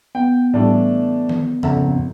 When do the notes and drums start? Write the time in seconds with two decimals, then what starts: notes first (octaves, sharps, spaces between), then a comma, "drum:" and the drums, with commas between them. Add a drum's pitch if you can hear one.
0.15 B3 G5
0.54 A2 E3 G3 A3 D4
1.29 drum: tom D#3
1.63 G#1 F2 C#3 A4 E5 A#5, drum: tom C#3